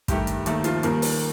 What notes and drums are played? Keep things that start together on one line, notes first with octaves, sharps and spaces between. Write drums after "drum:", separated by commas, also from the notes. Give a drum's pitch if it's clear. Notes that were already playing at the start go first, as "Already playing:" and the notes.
G2 D#3 G3 A3 G4, drum: kick, hi-hat
drum: hi-hat
D#2 D#3 A3, drum: hi-hat
F3 F4, drum: hi-hat
D#2 D#3 G3 A#3, drum: hi-hat
drum: open hi-hat